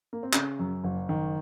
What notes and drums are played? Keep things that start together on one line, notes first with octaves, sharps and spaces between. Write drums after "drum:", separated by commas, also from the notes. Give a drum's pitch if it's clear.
A#3
C4
C#3 C#4, drum: clap
F#2
F#1
D#3